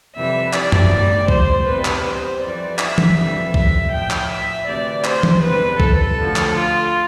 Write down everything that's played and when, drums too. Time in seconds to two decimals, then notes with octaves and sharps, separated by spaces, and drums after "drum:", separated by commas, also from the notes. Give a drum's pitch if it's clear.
0.16 F2 C3 E3 G3 E5
0.53 D5, drum: clap
0.72 drum: tom
0.91 A2 G3
1.28 C5, drum: kick B1
1.66 E2 C3 G3 B4
1.85 drum: clap
2.04 C5
2.41 F2 E3 G3 D5
2.79 E5, drum: clap
2.98 drum: tom E3
3.16 F2 E3 G3
3.54 E5, drum: kick B1
3.92 A2 F3 G5
4.11 drum: clap
4.29 E5
4.66 D2 C3 E3 D5
5.04 C5, drum: clap
5.23 drum: tom E3
5.42 E2 C3 G3 B4
5.80 A4, drum: kick B1
6.17 D2 D3 F3
6.36 drum: clap
6.55 F4